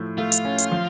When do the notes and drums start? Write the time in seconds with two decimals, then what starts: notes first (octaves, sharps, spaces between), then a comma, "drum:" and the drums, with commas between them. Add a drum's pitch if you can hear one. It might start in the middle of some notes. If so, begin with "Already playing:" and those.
Already playing: A2 F3 A3
0.18 A3 F4
0.32 drum: hi-hat
0.45 C#4
0.58 drum: hi-hat
0.72 F3